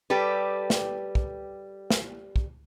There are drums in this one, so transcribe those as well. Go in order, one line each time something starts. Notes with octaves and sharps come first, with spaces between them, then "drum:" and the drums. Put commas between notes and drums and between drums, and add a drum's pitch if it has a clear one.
G3 G4 A4 B4
drum: snare
drum: kick
drum: snare
drum: kick